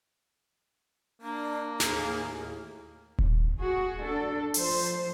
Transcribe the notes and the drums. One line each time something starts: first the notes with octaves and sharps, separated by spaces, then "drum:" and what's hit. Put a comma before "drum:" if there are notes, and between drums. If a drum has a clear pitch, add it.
A#3 D4
D#2 A2 G#4, drum: snare
drum: kick D#1
F#4 G#4
D4 A4
F3 C5, drum: open hi-hat